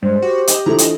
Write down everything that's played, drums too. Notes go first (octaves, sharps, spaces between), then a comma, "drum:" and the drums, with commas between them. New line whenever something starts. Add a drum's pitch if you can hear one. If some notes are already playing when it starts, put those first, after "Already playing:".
G2 G#3 C5
F#4 G4
D#5, drum: hi-hat
E3 F3 A3 D4 A#5
D#5, drum: hi-hat